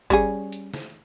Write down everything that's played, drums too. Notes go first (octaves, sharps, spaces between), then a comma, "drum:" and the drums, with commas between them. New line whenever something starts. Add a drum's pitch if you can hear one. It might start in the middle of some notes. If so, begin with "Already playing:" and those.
G3 C#4 G#4, drum: kick G1, hi-hat
drum: hi-hat
drum: snare